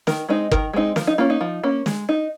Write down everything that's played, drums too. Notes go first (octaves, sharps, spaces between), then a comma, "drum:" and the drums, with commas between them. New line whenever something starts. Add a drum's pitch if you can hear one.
D#3 A#4, drum: snare
G#3 C4 D#4
D#3 A#4, drum: kick
G#3 C4 D#4
F3 A#4, drum: snare
D#4
A#3 C#4 F4
D#4
F3
A#3 C#4
G#3, drum: snare
D#4